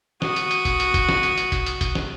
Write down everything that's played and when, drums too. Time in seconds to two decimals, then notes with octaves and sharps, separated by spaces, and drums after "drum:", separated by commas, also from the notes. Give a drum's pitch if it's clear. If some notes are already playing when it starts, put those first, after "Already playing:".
0.22 F#4 D#6, drum: snare
0.36 drum: hi-hat
0.51 drum: hi-hat
0.65 drum: kick, hi-hat
0.80 drum: hi-hat
0.94 drum: kick, hi-hat
1.09 drum: snare
1.23 drum: hi-hat
1.38 drum: hi-hat
1.52 drum: kick, hi-hat
1.66 drum: hi-hat
1.81 drum: kick, hi-hat
1.95 drum: snare